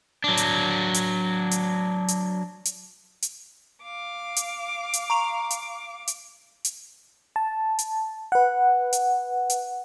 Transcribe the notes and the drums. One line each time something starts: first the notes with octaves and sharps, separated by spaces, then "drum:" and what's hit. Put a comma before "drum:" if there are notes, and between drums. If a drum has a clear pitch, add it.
F#3 D4
drum: hi-hat
drum: hi-hat
drum: hi-hat
drum: hi-hat
drum: hi-hat
drum: hi-hat
F5 D6
drum: hi-hat
drum: hi-hat
A#5 C#6 F7
drum: hi-hat
drum: hi-hat
drum: hi-hat
A5
drum: hi-hat
B4 F#5
drum: hi-hat
drum: hi-hat